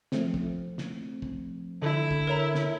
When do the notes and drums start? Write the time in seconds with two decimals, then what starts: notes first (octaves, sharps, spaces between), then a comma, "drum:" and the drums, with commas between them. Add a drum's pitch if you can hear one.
0.12 F3 A3 C4, drum: snare
0.34 drum: kick
0.78 drum: snare
1.22 drum: kick
1.82 D3 E4 A4
2.11 drum: kick
2.27 A#4 C#5 A#5
2.55 drum: snare